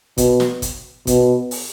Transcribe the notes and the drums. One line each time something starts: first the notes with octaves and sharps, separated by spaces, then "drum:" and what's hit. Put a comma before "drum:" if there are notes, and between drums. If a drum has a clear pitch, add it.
B2, drum: kick, hi-hat
drum: snare
drum: kick, hi-hat
B2, drum: kick, hi-hat
drum: open hi-hat